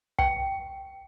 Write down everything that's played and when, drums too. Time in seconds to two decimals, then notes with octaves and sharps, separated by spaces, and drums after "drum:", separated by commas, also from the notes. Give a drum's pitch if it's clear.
0.19 G5, drum: kick